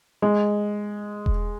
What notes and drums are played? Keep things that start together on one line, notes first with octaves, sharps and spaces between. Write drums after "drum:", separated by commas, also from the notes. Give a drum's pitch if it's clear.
G#3
drum: kick E1